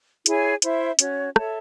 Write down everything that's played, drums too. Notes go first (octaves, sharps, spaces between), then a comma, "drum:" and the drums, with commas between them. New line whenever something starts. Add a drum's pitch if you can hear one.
E4 G#4 C#5 G#5, drum: hi-hat
E4 C5 E5, drum: hi-hat
C#4 F#4 C#5, drum: hi-hat
A4 C#5 E5 A5, drum: rim click